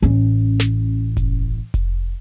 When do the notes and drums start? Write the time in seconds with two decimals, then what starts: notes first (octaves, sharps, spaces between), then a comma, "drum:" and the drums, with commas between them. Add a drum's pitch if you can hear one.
0.02 A1 C#4, drum: hi-hat
0.60 drum: snare
1.17 drum: kick F1, hi-hat
1.74 drum: kick F1, hi-hat